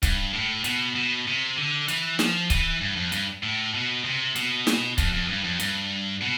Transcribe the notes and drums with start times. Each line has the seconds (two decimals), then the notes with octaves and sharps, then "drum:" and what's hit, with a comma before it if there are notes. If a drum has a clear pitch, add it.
0.03 G2, drum: kick C#1, hi-hat
0.33 A2
0.64 B2, drum: hi-hat
0.95 B2
1.27 C3
1.57 D3
1.88 E3, drum: hi-hat
2.19 F3, drum: snare
2.50 E3, drum: kick C#1, hi-hat
2.81 G2
2.96 F2
3.12 G2, drum: hi-hat
3.43 A2
3.74 B2
4.04 C3
4.36 B2, drum: hi-hat
4.67 drum: snare
4.98 F2, drum: kick C#1, hi-hat
5.13 F2
5.28 G2
5.44 F2
5.60 G2, drum: hi-hat
6.21 B2